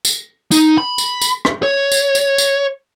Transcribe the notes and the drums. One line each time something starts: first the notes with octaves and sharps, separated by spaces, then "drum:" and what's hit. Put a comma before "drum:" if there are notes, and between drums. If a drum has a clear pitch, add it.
drum: tambourine
D#4, drum: tambourine
B5
drum: tambourine
drum: tambourine
drum: rim click
C#5
drum: tambourine
drum: tambourine
drum: tambourine